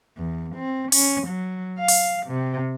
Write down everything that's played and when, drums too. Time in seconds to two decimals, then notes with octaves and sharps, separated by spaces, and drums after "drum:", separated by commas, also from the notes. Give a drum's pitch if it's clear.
0.17 E2
0.56 C4
0.92 C#4, drum: open hi-hat
1.27 F#3
1.79 F5
1.88 drum: open hi-hat
2.27 C3